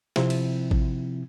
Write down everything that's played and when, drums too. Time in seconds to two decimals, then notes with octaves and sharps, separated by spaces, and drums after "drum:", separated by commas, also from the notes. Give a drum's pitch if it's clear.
0.16 C3 F3 C4 E4, drum: snare
0.30 drum: cymbal
0.71 drum: kick A1